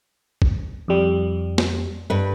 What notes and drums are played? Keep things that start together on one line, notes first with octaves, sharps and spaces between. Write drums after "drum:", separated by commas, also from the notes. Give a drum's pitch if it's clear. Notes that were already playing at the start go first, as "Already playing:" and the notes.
drum: kick
F2 G3
drum: snare A#3
G2 B4